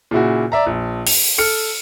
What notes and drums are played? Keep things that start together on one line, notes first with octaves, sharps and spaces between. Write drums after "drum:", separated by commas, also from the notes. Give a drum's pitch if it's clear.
A#2 C#3 E4 F#4
D5 E5 A#5
A#1
F7, drum: open hi-hat
A4 F6 C#7